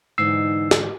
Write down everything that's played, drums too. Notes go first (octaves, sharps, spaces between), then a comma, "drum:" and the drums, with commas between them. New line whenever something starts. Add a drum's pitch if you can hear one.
G#2 D3 E3 D#4 E6 C7
drum: snare